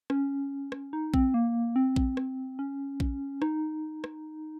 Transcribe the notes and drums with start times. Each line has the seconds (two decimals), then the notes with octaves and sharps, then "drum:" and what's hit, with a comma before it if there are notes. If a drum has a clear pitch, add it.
0.10 C#4, drum: rim click
0.72 drum: rim click
0.93 D#4
1.14 C4, drum: kick A#1
1.34 A#3
1.76 C4
1.96 drum: kick A#1
2.17 drum: rim click
2.59 C#4
3.00 drum: kick A#1
3.42 D#4, drum: rim click
4.04 drum: rim click